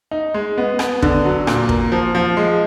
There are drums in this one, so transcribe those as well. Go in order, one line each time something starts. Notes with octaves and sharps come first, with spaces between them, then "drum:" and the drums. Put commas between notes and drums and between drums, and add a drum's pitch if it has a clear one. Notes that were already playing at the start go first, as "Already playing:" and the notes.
D#4
G#3
B3
B3, drum: rim click
D3, drum: kick
F#3
A#2, drum: rim click
A#3, drum: kick
F3
F3
G#3